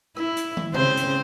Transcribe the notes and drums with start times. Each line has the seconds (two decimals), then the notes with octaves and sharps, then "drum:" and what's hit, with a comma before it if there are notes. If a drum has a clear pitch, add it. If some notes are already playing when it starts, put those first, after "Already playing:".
0.16 E4, drum: rim click
0.37 drum: hi-hat
0.57 drum: tom
0.74 C#3 C4 C5, drum: tom C3
0.97 drum: hi-hat